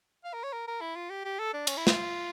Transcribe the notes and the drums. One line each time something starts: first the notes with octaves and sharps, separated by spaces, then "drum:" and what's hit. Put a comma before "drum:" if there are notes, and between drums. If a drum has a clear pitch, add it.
F5
A#4
C#5
A#4
A#4
E4
F4
G4
G4
A4
D4
C#4, drum: cymbal
E4
F4, drum: snare